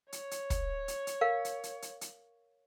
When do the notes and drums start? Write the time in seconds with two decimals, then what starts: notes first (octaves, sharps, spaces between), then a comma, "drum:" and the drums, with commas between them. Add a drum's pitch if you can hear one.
0.12 C#5, drum: hi-hat
0.31 drum: hi-hat
0.50 drum: kick, hi-hat
0.88 drum: hi-hat
1.07 drum: hi-hat
1.21 A#4 F5
1.45 drum: hi-hat
1.64 drum: hi-hat
1.82 drum: hi-hat
2.01 drum: hi-hat